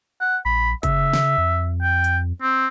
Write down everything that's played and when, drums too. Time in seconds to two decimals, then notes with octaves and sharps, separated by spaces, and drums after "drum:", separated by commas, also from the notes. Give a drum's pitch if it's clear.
0.21 F#5
0.45 A#1 B5
0.83 C#3 E5, drum: kick, hi-hat
1.13 drum: snare
1.38 F2
1.82 G5
2.04 drum: hi-hat
2.42 C4